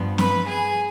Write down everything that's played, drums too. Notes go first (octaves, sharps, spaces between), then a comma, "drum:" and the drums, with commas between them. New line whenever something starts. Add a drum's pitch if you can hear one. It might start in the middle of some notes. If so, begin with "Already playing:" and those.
Already playing: G2 F3 B3
B4 B5, drum: snare
G#4 G#5